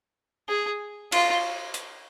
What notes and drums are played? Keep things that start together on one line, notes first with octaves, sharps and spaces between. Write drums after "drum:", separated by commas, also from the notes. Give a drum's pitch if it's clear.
G#4
F4, drum: cymbal
drum: hi-hat